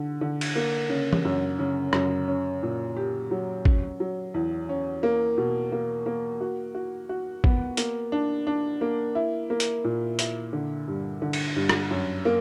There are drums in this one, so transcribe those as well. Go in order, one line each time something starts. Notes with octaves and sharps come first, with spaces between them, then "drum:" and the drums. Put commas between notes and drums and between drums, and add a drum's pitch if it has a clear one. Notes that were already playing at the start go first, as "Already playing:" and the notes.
Already playing: D3
D3
drum: cymbal
A#3
C#3
drum: tom
F#2
C#3
F#2, drum: rim click
C#4
A#2
G4
F#3
C#4, drum: kick
F#3
E2
C#4
A#3
B2
A#3
A#3
F#4
F#4
F#4
B3, drum: kick
A#3, drum: hi-hat
D4
D4
A#3
E4
A#3
drum: hi-hat
A#2
E4, drum: hi-hat
D3
G2
D3
drum: cymbal
G2
drum: rim click
F#2
A#3